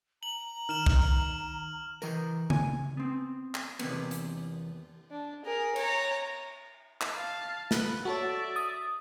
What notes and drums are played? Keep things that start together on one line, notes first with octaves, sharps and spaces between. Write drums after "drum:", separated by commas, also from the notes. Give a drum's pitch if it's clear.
A#5 F#7
D#3 F6 E7 F#7
drum: kick
E3 A#4, drum: tambourine
G#5, drum: tom C#3
B3 C4
drum: clap
E2 C3 D#3 A#3 B3, drum: cymbal
drum: hi-hat
D4
G#4 A#4
C#5 A#5, drum: cymbal
drum: clap
F5 A5
B4 F#5, drum: snare
F#4 A4 C#5 D5 E5
D#6